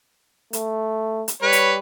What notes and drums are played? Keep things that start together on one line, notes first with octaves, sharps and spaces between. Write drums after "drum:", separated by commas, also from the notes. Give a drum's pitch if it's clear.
A3, drum: hi-hat
drum: hi-hat
G3 B4 C#5
drum: hi-hat